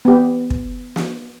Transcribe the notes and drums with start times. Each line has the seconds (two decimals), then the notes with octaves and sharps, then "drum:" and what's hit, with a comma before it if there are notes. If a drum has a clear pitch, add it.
0.05 B3 G4
0.50 drum: kick
0.96 drum: snare